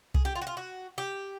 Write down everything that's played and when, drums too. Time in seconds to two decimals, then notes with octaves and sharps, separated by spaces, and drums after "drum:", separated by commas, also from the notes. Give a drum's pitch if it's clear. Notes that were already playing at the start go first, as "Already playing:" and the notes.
0.14 G#4, drum: kick C2
0.25 G4
0.36 F4
0.42 F#4
0.47 F4
0.57 F#4
0.98 G4